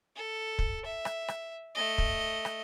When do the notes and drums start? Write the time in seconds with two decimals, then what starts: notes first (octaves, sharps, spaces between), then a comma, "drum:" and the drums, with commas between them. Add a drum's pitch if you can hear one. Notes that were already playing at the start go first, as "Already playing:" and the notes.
0.16 A4
0.59 drum: kick
0.85 E5
1.05 drum: rim click
1.28 drum: rim click
1.75 A3 D#5
1.98 drum: kick
2.45 drum: rim click